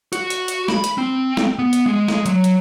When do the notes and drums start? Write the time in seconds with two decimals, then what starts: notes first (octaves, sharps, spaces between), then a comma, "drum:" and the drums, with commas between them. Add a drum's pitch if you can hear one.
0.13 F#4, drum: hi-hat
0.30 drum: hi-hat
0.48 drum: hi-hat
0.68 B5, drum: snare
0.84 drum: hi-hat
0.98 C4
1.37 drum: snare
1.59 B3
1.73 drum: hi-hat
1.86 G#3
2.08 drum: snare
2.26 F#3, drum: hi-hat
2.44 drum: hi-hat